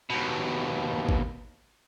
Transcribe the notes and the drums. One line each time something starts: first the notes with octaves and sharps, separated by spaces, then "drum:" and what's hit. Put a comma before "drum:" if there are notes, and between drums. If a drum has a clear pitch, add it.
D#2 B2
drum: kick G#1